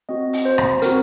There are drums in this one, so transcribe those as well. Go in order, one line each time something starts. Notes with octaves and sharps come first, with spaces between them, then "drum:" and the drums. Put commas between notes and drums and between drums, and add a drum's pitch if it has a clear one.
C4 F#4 D#5
drum: open hi-hat
C5
drum: rim click
C4 F#4 A#4, drum: hi-hat